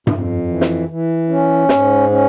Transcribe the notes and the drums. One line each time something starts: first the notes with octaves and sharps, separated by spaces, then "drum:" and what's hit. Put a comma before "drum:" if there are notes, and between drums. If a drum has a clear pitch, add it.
F2, drum: tom G2
E3
drum: snare
E3
C#4
G#2, drum: snare
C#4